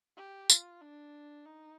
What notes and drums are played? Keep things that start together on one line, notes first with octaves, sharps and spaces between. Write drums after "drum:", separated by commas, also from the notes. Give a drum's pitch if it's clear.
G4
F4, drum: tambourine
D4
D#4